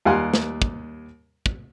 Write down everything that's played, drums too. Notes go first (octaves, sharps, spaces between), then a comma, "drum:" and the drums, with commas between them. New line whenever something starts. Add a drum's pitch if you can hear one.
D#2 G3 F5 F#5 G#5 C6
drum: snare
drum: kick
drum: kick